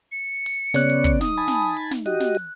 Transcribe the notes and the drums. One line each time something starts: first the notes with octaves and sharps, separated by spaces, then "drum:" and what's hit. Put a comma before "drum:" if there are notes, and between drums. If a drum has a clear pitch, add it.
C#7
drum: open hi-hat
C#3 B3 C#4 C#5 D5 F#6, drum: snare
drum: hi-hat
drum: kick, hi-hat
D#4 D#6, drum: snare
G#5 A5 B5
drum: snare
drum: hi-hat
drum: hi-hat
drum: snare
F#4 G4 D#5 F#6, drum: hi-hat
drum: snare
drum: hi-hat